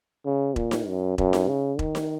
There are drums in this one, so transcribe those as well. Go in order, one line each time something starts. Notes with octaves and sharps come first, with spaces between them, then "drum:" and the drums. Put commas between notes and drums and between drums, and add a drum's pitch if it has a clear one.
C#3
A#2, drum: kick E1
drum: snare D#4
F#2
F#2, drum: kick E1
drum: snare D#4
C#3
D#3, drum: kick E1
drum: snare D#4